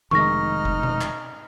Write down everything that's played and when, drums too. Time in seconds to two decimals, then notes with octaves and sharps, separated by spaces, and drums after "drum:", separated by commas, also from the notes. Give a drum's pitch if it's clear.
0.11 F1 D#3 G#3 D#4 C#6 F6 A#6, drum: tom D#3
0.65 drum: kick F1
0.83 drum: tom B2
1.01 drum: clap